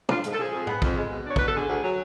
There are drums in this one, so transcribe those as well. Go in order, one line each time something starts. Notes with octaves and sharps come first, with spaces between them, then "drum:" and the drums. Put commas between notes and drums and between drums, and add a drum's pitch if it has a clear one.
D4 F4, drum: tom
G#2, drum: hi-hat
A4
F3 G#4
F2
B3, drum: tom G#2
F2, drum: kick
G#3
B2
D4 C#5
B2 B4, drum: kick
A4
D3 G#4
D2
F#3